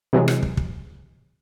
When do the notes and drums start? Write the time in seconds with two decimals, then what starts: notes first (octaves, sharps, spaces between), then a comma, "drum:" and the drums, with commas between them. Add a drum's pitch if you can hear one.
0.13 C3 E3 F#3 G#3
0.28 drum: rim click
0.42 drum: kick
0.57 drum: kick